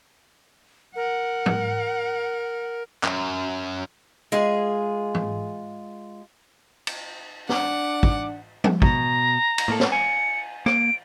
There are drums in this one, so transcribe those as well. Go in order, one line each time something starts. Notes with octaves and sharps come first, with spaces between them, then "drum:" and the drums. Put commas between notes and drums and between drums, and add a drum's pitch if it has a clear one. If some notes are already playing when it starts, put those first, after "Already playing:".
A#4 F#5
drum: tom G#2
F#2, drum: clap
G#3 F4 G#4
drum: tom G#2
drum: cymbal
D4 F#5 D6, drum: snare
drum: kick
drum: tom F3
B2 A#5, drum: kick
drum: cymbal
A2 A#3 A4
drum: snare
G#5 C#7
A#3 D7, drum: rim click